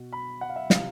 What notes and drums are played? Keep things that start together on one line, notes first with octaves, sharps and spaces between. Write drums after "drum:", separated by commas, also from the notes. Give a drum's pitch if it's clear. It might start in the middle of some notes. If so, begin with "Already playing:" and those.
Already playing: B2
B5
F#5
F5
E5
C3 F3 F5, drum: snare